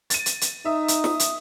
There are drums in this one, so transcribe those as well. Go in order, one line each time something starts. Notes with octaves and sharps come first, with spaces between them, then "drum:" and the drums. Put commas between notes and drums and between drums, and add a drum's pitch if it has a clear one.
A6 D#7, drum: hi-hat
drum: hi-hat
drum: hi-hat
D#4 E5 D#6
drum: hi-hat
drum: snare
drum: hi-hat